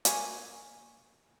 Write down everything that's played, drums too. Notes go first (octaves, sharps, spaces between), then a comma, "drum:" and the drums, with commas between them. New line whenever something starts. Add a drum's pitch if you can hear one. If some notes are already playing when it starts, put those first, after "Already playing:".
A#3 G#5 C#6, drum: hi-hat